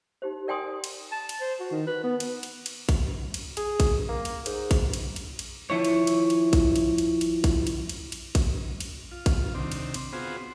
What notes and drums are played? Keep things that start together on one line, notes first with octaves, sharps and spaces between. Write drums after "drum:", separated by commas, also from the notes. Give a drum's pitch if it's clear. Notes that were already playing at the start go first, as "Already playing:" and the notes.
D#4 G4 C5
A#4 D5 G5 G#5 C6 D#6
drum: cymbal
A5
drum: cymbal
C5
F#4
D#3
B4
B3
drum: cymbal
drum: cymbal
drum: cymbal
drum: kick A#1, cymbal
drum: cymbal
G#4, drum: cymbal
drum: kick A#1, cymbal
A#3
drum: cymbal
G#2, drum: cymbal
drum: kick A#1, cymbal
drum: cymbal
drum: cymbal
drum: cymbal
F3 E4 C#5
drum: cymbal
drum: cymbal
drum: cymbal
drum: kick A#1, cymbal
drum: cymbal
drum: cymbal
drum: cymbal
drum: kick A#1, cymbal
drum: cymbal
drum: cymbal
drum: cymbal
drum: kick A#1, cymbal
drum: cymbal
F4
drum: kick A#1, cymbal
C3 D#3 C4 D4
drum: cymbal
drum: cymbal
B3 C4 F4 F#4 G#4 C5